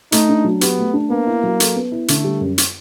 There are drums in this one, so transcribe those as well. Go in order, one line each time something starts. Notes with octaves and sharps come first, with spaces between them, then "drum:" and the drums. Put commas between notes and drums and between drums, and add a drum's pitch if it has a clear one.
A3 D#4, drum: hi-hat
D4
F#3
B3 G4, drum: hi-hat
A3
D4
A#3 B3
E4
F#3
A4, drum: hi-hat
B3
E4
D3 A3, drum: hi-hat
G3
F#2
drum: hi-hat